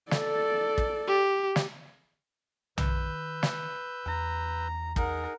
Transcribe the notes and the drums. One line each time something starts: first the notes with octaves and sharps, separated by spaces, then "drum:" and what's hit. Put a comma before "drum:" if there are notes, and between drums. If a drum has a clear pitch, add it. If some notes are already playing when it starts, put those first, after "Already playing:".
A4 D5, drum: snare
drum: kick
G4
drum: snare
D#3 B4 E6 G6, drum: tom B1
drum: snare
E2 A#5
D#4 G#4 A#4 F#5, drum: kick